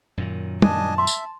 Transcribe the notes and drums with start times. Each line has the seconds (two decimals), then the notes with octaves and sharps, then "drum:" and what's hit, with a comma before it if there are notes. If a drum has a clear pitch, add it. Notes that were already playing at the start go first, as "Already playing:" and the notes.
0.17 F#2 A#2 D#3
0.62 D4 D#5 G#5 A5, drum: tom
0.98 E5 C6
1.07 drum: tambourine